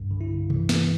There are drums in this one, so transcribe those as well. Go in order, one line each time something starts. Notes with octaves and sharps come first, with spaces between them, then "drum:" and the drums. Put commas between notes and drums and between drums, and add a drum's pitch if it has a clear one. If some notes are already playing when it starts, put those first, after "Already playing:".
Already playing: C2 G2
D3
E4
G2
E3, drum: tom C3
E3, drum: snare